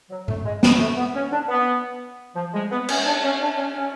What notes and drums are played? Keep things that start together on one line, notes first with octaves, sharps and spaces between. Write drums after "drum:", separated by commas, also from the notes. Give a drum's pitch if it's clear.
F#3
A3, drum: tom A2
G#3
B3, drum: snare
A3
B3
C#4
D4
B3
F3
G#3
B3
C#4, drum: cymbal
D4
C#4
D4
C#4
C#4